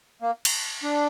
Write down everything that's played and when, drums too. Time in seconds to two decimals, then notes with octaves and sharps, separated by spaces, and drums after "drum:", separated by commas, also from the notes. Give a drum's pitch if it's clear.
0.22 A#3
0.45 drum: cymbal
0.83 D4